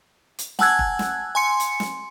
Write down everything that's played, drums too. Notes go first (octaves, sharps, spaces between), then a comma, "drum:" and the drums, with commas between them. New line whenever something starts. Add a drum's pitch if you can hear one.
drum: hi-hat
F#5 G#5 A5 E6 F#6 G#6, drum: snare
drum: kick F1
drum: snare
G#5 C6 C#7
drum: hi-hat
drum: snare